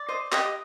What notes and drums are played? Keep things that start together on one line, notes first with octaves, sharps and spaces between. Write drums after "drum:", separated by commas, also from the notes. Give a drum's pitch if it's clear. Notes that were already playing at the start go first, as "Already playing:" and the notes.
Already playing: D5 D6
C5 D#5
G4 D#5 D#6, drum: clap